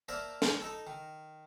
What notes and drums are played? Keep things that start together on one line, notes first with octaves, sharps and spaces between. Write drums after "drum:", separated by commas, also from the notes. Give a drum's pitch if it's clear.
A#3 A#4 C5 D5 E5 A5
drum: snare
D#4 A4 A5
D#3